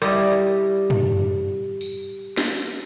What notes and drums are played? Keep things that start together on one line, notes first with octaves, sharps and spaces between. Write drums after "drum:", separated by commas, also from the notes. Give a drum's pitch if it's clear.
G3 E4 D#5, drum: rim click
drum: tom
drum: tambourine
drum: snare